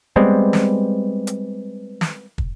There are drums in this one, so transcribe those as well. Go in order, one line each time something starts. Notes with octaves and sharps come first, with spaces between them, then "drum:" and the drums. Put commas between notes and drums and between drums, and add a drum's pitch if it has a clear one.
G3 G#3 B3 C4
drum: snare
drum: hi-hat
drum: snare
drum: kick